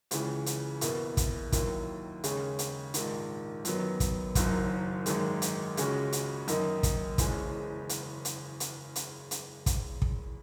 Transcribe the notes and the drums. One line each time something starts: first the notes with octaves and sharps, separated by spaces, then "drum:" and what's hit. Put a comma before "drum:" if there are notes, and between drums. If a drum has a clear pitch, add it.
C#2 C#3 E3, drum: hi-hat
drum: hi-hat
E2 B2 A#3 E4, drum: hi-hat
drum: kick, hi-hat
D#2 D#3 F#3 A#3 E4, drum: kick, hi-hat
D#2 C#3 G#3 C#4 G#4, drum: hi-hat
drum: hi-hat
A#1 G#2 D#3, drum: hi-hat
F#2 D#3 F#3 B3, drum: hi-hat
drum: kick, hi-hat
F#1 F#2 D#3 F#3, drum: kick, hi-hat
G#1 F#2 D#3 G#3, drum: hi-hat
drum: hi-hat
C#2 C#3 G#3 C#4 F#4, drum: hi-hat
drum: hi-hat
F#2 D#3 A#3 D#4, drum: hi-hat
drum: kick, hi-hat
F#1 E2 C#3 G#3 C#4, drum: kick, hi-hat
drum: hi-hat
drum: hi-hat
drum: hi-hat
drum: hi-hat
drum: hi-hat
drum: kick, hi-hat
drum: kick